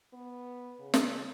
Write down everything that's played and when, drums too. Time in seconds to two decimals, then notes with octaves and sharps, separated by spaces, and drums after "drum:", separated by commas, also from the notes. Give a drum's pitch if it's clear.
0.13 B3
0.80 C#3
0.94 drum: snare